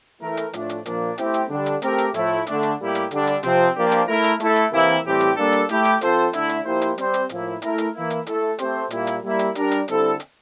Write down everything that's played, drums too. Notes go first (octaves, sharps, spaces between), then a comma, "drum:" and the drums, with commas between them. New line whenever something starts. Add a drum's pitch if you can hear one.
E3 A3 E4 A#4
drum: hi-hat
A2 F3 A3 D4, drum: hi-hat
drum: hi-hat
A#2 F3 A#3 D4, drum: hi-hat
A3 C4 E4 G4, drum: hi-hat
drum: hi-hat
D3 G3 D4
drum: hi-hat
A3 C4 G4 A#4, drum: hi-hat
drum: hi-hat
A2 F3 A3 E4, drum: hi-hat
D3 A3 D4, drum: hi-hat
drum: hi-hat
A2 G3 A#3 E4 G4
drum: hi-hat
D3 G3 D4, drum: hi-hat
drum: hi-hat
C3 F3 C4, drum: hi-hat
F3 A#3 D4 G4
drum: hi-hat
A3 E4 A#4
drum: hi-hat
A3 E4 A4, drum: hi-hat
drum: hi-hat
C3 E3 A#3 E4
A2 E3 G3 C4 G4
drum: hi-hat
G3 A#3 D4 A4
drum: hi-hat
A3 E4 G4, drum: hi-hat
drum: hi-hat
F3 C4 F4 A4 C5, drum: hi-hat
D3 A3 E4, drum: hi-hat
drum: hi-hat
F3 A#3 E4 G4 C5
drum: hi-hat
G3 C4 G4 C5, drum: hi-hat
drum: hi-hat
A2 F3 A#3 E4, drum: hi-hat
A3 E4 A#4, drum: hi-hat
drum: hi-hat
E3 A#3 E4
drum: hi-hat
A3 E4 A4, drum: hi-hat
A3 C4 G4 C5, drum: hi-hat
A#2 G3 A#3 E4, drum: hi-hat
drum: hi-hat
G3 A#3 E4
drum: hi-hat
G3 D4 G4 A#4, drum: hi-hat
drum: hi-hat
D3 G3 C4 E4 A4, drum: hi-hat
drum: hi-hat